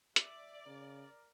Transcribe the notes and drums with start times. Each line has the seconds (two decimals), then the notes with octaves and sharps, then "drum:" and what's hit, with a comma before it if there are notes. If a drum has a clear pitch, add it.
0.16 D5 E5, drum: hi-hat
0.66 C#3 A#4